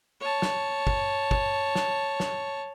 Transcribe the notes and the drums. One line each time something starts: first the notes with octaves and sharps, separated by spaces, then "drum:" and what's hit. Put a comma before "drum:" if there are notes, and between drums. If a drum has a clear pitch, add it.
C#5 A5
drum: snare
drum: kick
drum: kick
drum: snare
drum: snare